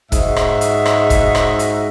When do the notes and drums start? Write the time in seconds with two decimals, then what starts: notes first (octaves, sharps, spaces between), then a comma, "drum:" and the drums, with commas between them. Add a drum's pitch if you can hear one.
0.12 G#2 D#4 F#4 E5, drum: kick, hi-hat
0.36 drum: rim click
0.61 drum: hi-hat
0.86 drum: rim click
1.10 drum: kick, hi-hat
1.35 drum: rim click
1.59 drum: hi-hat